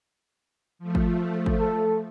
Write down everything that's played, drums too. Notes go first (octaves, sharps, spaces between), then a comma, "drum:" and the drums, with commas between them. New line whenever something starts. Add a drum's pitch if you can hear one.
F3 A3
drum: kick
drum: kick
A4